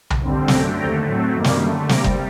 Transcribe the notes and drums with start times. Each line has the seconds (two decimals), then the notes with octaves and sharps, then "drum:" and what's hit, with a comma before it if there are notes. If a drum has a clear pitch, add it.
0.10 drum: tom B1
0.20 D#2 D3 G3 C4
0.48 F#2 D3 A3 C4 G5 A#5, drum: snare
0.77 D#2 D3 A3 C4 G5 A#5
1.05 A2 F#3 A3 C4
1.34 F#2 D#3 G3 A#3
1.44 drum: snare
1.62 F#2 D3 A3
1.89 C3 G3 A#3 A#5 D6, drum: snare
2.04 drum: kick F#1